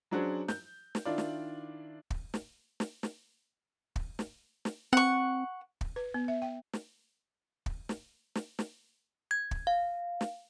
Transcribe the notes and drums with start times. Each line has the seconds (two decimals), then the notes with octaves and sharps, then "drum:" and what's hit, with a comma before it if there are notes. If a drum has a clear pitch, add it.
0.11 F#3 C#4 D4 F#4 G#4 C5
0.48 G6, drum: snare
0.95 drum: snare
1.05 D#3 D4 E4 F4 D5
1.18 drum: snare
2.10 drum: kick
2.34 drum: snare
2.80 drum: snare
3.03 drum: snare
3.96 drum: kick
4.19 drum: snare
4.65 drum: snare
4.93 C4 F#5 C#6
5.81 drum: kick
5.96 B4
6.14 B3
6.28 E5
6.42 G5
6.73 drum: snare
7.66 drum: kick
7.89 drum: snare
8.35 drum: snare
8.59 drum: snare
9.31 G#6
9.51 drum: kick
9.67 F5
10.21 drum: snare